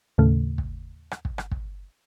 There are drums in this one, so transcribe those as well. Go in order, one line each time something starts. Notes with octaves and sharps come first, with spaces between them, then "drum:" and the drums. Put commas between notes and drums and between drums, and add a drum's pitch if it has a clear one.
D#2 A2 C#3 A3
drum: kick
drum: rim click
drum: kick
drum: rim click
drum: kick